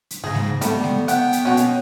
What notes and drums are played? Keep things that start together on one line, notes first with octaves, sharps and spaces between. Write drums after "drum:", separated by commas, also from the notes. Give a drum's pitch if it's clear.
drum: hi-hat
G#2 C#3 G#4 A#6
drum: snare G#3
G3 A3 B3, drum: hi-hat
drum: snare G#3
B3 F#5 G5 G6, drum: hi-hat
drum: hi-hat
B2 C#4 F#5
drum: hi-hat